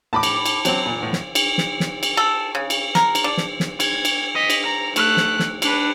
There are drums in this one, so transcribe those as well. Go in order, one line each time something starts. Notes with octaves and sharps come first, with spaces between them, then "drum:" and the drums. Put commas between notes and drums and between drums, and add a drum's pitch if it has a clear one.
A2 A5 B5 D6
drum: cymbal
drum: cymbal
F#3 C4 C#4, drum: cymbal
A#2
A2 B3
drum: snare
drum: cymbal
drum: snare
drum: snare
drum: cymbal
A4
C#3
drum: cymbal
A#4, drum: snare
drum: cymbal
D4
drum: snare
drum: snare
G#6, drum: cymbal
drum: cymbal
D#5 B6
drum: cymbal
A#5
A3 F#6, drum: cymbal
drum: snare
drum: snare
D4 B4, drum: cymbal